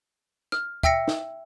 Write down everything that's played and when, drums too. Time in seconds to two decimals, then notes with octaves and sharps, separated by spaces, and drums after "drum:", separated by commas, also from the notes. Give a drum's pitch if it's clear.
0.52 F6, drum: rim click
0.83 E5 G5 E6 A#6 C#7, drum: kick
1.08 drum: snare